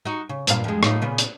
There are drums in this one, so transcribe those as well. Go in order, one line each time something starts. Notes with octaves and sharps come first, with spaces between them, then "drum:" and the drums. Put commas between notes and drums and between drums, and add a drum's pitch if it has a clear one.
D#4 F#4
C#3
G2 A#2 F5, drum: hi-hat
F2 G#3
A2 D#4 F4, drum: rim click
A#2 C#3 B3
drum: hi-hat